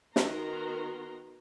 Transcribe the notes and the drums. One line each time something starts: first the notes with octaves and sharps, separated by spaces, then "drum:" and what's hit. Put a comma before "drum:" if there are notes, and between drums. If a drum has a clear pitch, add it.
D#3 B3 F#4 A#4 A#5 C6, drum: snare